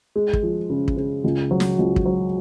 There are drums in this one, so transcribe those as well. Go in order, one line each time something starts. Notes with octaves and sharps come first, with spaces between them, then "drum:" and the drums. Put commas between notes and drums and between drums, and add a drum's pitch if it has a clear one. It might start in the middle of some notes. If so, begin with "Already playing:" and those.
G#3
drum: kick
F3
C#3
drum: kick
C#3
C#2
F#3
drum: snare
C#2
drum: kick
F#3